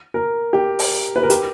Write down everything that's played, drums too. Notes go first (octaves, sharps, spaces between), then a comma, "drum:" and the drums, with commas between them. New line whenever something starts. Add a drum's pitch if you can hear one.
A#4
G4
drum: open hi-hat
B4
A#4
G4, drum: hi-hat